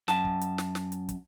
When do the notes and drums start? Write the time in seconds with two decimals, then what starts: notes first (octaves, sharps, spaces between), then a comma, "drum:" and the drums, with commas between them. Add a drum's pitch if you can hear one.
0.08 F#2 A5, drum: snare
0.25 drum: kick
0.41 drum: hi-hat
0.58 drum: snare
0.75 drum: snare
0.92 drum: hi-hat
1.09 drum: kick, hi-hat